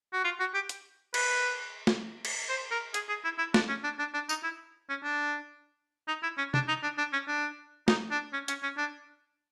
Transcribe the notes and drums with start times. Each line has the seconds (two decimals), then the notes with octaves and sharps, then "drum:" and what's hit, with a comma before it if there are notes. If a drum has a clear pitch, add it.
0.13 F#4
0.24 F4
0.40 F#4
0.54 G4
0.69 drum: hi-hat
1.14 B4, drum: cymbal
1.87 drum: snare
2.25 drum: cymbal
2.49 C5
2.71 A#4
2.94 G#4, drum: hi-hat
3.09 G#4
3.24 E4
3.39 E4
3.54 D4, drum: snare
3.68 C#4
3.84 D4
3.99 D4
4.14 D4
4.29 D#4, drum: tambourine
4.44 E4
4.89 C#4
5.04 D4
6.08 D#4
6.23 E4
6.38 C#4
6.54 D4, drum: tom C3
6.68 D#4
6.83 D4
6.98 D4
7.13 C#4
7.28 D4
7.88 D#4, drum: snare
8.11 D4
8.33 C#4
8.48 C#4, drum: hi-hat
8.63 C#4
8.78 D4